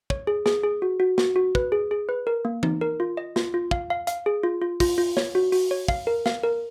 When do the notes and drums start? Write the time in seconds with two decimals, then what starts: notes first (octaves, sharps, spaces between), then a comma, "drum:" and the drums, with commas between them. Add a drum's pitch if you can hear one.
0.10 C#5, drum: kick
0.27 G#4
0.46 G#4, drum: snare
0.63 G#4
0.82 F#4
1.00 F#4
1.18 F#4, drum: snare
1.36 F#4
1.55 B4, drum: kick
1.72 G#4
1.91 G#4
2.09 B4
2.27 A#4
2.45 A#3
2.63 D#4, drum: tom E3
2.81 A#4
3.00 F4
3.17 D#5
3.36 F4, drum: snare
3.54 F4
3.71 F5, drum: kick
3.90 F5
4.07 F5, drum: hi-hat
4.26 G#4
4.43 F4
4.62 F4
4.80 F4, drum: kick, open hi-hat
4.98 F4
5.17 C#5, drum: snare
5.35 F#4
5.52 F#4, drum: open hi-hat
5.71 C#5
5.88 F5, drum: kick
6.07 A#4
6.26 F5, drum: snare
6.43 A#4